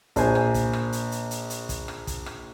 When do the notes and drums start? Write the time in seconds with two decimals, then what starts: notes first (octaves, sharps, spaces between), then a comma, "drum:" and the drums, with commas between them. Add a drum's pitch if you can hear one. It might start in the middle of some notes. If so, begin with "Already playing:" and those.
0.16 A#1 C5 G#5, drum: kick, hi-hat
0.35 drum: rim click
0.54 drum: kick, hi-hat
0.73 drum: rim click
0.93 drum: hi-hat
1.12 drum: hi-hat
1.31 drum: hi-hat
1.50 drum: hi-hat
1.69 drum: kick, hi-hat
1.88 drum: rim click
2.07 drum: kick, hi-hat
2.26 drum: rim click